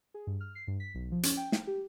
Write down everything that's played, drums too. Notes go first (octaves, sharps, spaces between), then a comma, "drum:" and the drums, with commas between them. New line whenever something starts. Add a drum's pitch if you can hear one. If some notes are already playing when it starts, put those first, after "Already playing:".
G#4
G2
F6
C7
G2
B6
B1
F3
C#4, drum: hi-hat
G5
G5, drum: snare
G4